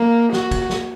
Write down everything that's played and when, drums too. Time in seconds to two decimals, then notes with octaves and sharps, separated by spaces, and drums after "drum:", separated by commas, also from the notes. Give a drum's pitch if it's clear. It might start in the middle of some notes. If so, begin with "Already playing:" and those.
Already playing: A#3
0.33 F#4, drum: snare
0.51 drum: kick A1, cymbal
0.70 drum: snare